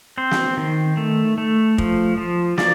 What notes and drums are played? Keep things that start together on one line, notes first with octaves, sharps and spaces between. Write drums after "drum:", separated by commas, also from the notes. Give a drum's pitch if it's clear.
C4 C5
drum: snare
D#3
A3
A3
F3, drum: kick
F3
A#3 D5, drum: snare